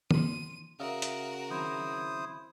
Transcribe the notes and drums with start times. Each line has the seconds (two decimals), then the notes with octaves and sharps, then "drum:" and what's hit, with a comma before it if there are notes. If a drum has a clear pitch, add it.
0.11 E3 C6 D#7, drum: tom
0.80 C#3 F#4 A#4 E5 F5 D#6
1.02 drum: hi-hat
1.51 D#3 F#3 C4 E4 C5 D#6